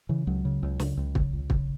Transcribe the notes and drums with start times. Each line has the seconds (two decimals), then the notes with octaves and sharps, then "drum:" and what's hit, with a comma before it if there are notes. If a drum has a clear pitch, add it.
0.09 C#3 E3
0.27 C#2 F#3
0.45 C#3
0.63 C#2
0.80 C#3, drum: snare
0.97 C#2
1.15 C#3, drum: kick
1.33 C#2
1.50 C#3, drum: kick